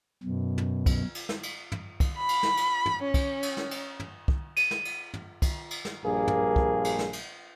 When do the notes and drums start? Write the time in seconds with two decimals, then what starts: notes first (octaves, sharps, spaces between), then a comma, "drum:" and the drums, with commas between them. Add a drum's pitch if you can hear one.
0.23 F#2 B2
0.58 drum: tom
0.86 drum: kick, cymbal
1.15 drum: cymbal
1.29 drum: snare
1.43 drum: cymbal
1.72 drum: tom
2.00 drum: kick, cymbal
2.17 B5
2.29 drum: cymbal
2.43 drum: snare
2.57 drum: cymbal
2.86 drum: tom
3.03 C#4
3.14 drum: kick, cymbal
3.43 drum: cymbal
3.57 drum: snare
3.71 drum: cymbal
4.00 drum: tom
4.28 drum: kick
4.57 D#7, drum: cymbal
4.71 drum: snare
4.85 drum: cymbal
5.14 drum: tom
5.42 drum: kick, cymbal
5.71 drum: cymbal
5.85 drum: snare
6.05 A#1 G2 A#3 G#4
6.28 drum: tom
6.56 drum: kick
6.85 drum: cymbal
6.99 drum: snare
7.13 drum: cymbal